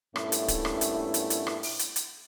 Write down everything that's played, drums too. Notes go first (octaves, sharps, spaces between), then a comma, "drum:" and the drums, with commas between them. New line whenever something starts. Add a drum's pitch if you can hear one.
G2 A#2 A3 B3 C#4 E4, drum: rim click
drum: hi-hat
drum: kick D1, hi-hat
drum: rim click
drum: hi-hat
drum: hi-hat
drum: hi-hat
drum: rim click
drum: open hi-hat
drum: hi-hat
drum: hi-hat